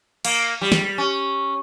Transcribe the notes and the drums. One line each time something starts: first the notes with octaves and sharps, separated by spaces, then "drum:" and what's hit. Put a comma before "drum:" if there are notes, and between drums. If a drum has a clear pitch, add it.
A#3, drum: cymbal
G3
drum: snare
C#4